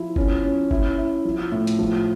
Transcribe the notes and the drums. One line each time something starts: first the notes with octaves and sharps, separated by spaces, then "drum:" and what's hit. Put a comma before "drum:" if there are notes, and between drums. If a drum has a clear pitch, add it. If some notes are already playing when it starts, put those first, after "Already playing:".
Already playing: F3 E4
C#4, drum: kick G1
C#4
E4, drum: kick G1
E4
F3
A2
drum: hi-hat
F3